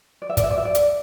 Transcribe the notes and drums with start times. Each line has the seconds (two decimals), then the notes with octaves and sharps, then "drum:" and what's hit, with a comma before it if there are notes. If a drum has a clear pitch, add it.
0.22 D5
0.30 E5
0.37 D5, drum: kick, hi-hat
0.44 E5
0.51 D5
0.58 E5
0.65 D5
0.75 drum: hi-hat